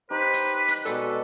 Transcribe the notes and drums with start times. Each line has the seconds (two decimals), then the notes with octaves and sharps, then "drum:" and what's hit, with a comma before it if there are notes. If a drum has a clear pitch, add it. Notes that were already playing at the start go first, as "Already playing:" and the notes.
0.10 D#4 G4 B4 C5
0.33 drum: hi-hat
0.68 drum: hi-hat
0.85 B2 G#3 F#4 A4 D5, drum: hi-hat